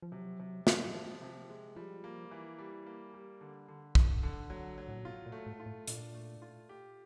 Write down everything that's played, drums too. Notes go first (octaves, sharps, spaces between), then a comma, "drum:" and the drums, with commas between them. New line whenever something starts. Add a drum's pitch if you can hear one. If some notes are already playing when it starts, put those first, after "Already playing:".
F3
C3 F#3
C3
C3, drum: snare
F3
C3
G#3
F3 G3
A#3
E3
G3
A#3
G3
D3
D3
D3, drum: kick
D3
F#3
F#3
A2
A#2
B2 F4
A#2
A3
A2
F4
A2
A#2 D4, drum: hi-hat
A3
F4
G4